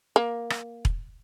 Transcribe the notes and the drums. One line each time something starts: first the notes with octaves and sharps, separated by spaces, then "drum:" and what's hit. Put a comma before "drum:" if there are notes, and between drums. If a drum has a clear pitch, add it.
A#3
drum: rim click
drum: kick E1